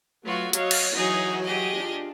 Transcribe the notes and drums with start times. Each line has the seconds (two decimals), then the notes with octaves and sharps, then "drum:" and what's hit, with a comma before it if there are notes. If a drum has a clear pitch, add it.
0.24 F#3 A3 F4 F#4 B4
0.53 F#3 F#4 C#5 D#5 F5, drum: hi-hat
0.71 drum: cymbal
0.94 E3 F#3 D#4 F#4 G#4
1.44 G4 G#4 D#5
1.77 D4 F4